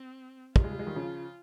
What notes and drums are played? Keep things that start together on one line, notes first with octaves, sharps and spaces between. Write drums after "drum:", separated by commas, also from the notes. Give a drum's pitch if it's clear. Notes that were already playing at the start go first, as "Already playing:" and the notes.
Already playing: C4
G3 F4, drum: kick
G#3
G3
G#3
D#3 G3
C#3 F3